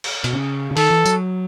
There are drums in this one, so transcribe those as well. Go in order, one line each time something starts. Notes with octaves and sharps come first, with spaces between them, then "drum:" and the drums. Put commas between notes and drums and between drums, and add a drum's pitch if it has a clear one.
drum: cymbal
B2, drum: hi-hat
C#3
C#3
D#3 A4, drum: open hi-hat
E3
F#3, drum: tambourine